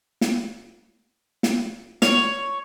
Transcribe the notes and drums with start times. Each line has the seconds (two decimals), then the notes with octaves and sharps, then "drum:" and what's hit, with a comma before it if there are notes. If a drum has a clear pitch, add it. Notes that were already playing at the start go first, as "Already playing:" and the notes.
0.21 drum: snare
1.43 drum: snare
2.02 C#5, drum: snare